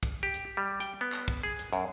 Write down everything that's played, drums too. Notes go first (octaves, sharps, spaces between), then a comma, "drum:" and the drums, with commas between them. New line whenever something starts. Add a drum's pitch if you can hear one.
drum: kick, hi-hat
G4
drum: hi-hat
G3
G5, drum: hi-hat
B3
drum: clap
drum: kick
G#4
drum: hi-hat
F#2, drum: hi-hat